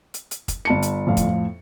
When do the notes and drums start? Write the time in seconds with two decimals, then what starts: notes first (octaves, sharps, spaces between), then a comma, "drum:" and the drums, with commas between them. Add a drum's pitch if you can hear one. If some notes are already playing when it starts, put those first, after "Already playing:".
0.14 drum: hi-hat
0.31 drum: hi-hat
0.48 drum: kick, hi-hat
0.65 G1 A5 C#7
0.82 drum: hi-hat
1.07 F2 A2 F5
1.17 drum: kick, hi-hat